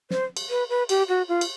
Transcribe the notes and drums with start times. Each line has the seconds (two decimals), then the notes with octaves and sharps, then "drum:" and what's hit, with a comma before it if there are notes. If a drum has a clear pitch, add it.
0.11 C5, drum: snare
0.37 drum: cymbal
0.50 B4
0.69 B4
0.89 G4, drum: cymbal
1.09 F#4
1.29 F4
1.41 drum: cymbal